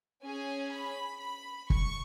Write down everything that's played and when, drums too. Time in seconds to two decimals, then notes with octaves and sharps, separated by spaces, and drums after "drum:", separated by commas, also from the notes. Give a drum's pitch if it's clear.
0.23 C#4 G#4 G#5
0.72 B5
1.21 B5
1.70 C#6, drum: kick